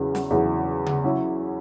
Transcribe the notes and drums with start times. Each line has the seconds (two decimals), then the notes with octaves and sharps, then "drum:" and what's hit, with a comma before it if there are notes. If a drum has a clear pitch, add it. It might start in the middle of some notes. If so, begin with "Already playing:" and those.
Already playing: E2 C#3 F#3 C#4 E4
0.15 drum: snare
0.31 E2 C#3 F#3 C#4 E4
0.86 drum: tom C#3
1.04 F#3 C#4 E4